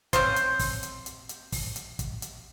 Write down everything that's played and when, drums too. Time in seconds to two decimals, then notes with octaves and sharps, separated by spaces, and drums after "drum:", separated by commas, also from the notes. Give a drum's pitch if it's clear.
0.13 C4 C#4 C5, drum: kick, hi-hat
0.36 drum: hi-hat
0.59 drum: kick, open hi-hat
0.83 drum: hi-hat
1.06 drum: hi-hat
1.29 drum: hi-hat
1.52 drum: kick, open hi-hat
1.76 drum: hi-hat
1.99 drum: kick, hi-hat
2.22 drum: hi-hat